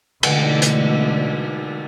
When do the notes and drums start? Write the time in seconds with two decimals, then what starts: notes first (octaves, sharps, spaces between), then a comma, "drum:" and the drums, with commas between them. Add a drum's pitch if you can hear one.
0.23 B2 D3 E3 G#3 A3, drum: cymbal
0.62 drum: hi-hat